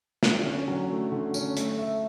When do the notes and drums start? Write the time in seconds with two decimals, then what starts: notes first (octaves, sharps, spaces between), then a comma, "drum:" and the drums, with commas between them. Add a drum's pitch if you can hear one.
0.23 D3, drum: snare
0.45 C#4
0.68 F#3
0.90 A3
1.12 D3
1.34 C#4, drum: tambourine
1.57 A3, drum: hi-hat
1.79 E5